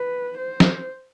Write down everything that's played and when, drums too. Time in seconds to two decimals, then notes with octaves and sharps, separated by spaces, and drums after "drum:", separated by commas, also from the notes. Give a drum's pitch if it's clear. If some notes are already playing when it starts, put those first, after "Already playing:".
Already playing: B4
0.37 C5
0.60 drum: snare